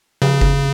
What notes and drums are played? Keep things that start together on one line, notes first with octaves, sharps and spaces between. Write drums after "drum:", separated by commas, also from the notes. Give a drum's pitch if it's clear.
C#3, drum: tom
drum: kick F#1